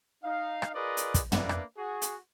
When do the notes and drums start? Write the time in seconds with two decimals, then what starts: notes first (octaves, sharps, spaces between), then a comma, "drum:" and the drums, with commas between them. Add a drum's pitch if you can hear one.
0.24 D#4 F5
0.62 drum: rim click
0.74 F4 G#4 A#4 B4 D5 D#5
0.97 drum: hi-hat
1.14 drum: kick, hi-hat
1.32 A#3 B3 D4 B4 D5 E5, drum: tom
1.49 drum: rim click
1.78 F#4 G#4
2.02 drum: hi-hat